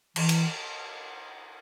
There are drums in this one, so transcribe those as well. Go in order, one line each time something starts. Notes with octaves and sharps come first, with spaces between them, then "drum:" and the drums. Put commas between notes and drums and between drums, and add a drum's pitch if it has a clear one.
E3, drum: cymbal
drum: cymbal